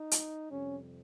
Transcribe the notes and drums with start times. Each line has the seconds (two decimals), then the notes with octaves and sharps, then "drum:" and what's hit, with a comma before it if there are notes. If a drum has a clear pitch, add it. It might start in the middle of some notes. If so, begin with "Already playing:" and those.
Already playing: D#4
0.11 drum: hi-hat
0.49 F2 C3 G3 C#4